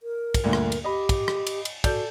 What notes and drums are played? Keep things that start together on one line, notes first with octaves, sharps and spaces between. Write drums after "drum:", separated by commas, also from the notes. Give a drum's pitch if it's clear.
A#4
drum: kick, cymbal
D2 G2 A#2
drum: rim click
drum: cymbal
G4 D#5 B5
drum: kick, cymbal
drum: rim click
drum: cymbal
drum: cymbal
F#4 A4 D5 G6, drum: kick, cymbal